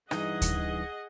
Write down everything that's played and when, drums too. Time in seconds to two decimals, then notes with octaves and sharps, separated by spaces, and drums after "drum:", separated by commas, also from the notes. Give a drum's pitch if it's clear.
0.11 G2 E3 D#4 G#4 D#5 F#5, drum: rim click
0.42 drum: kick D2, hi-hat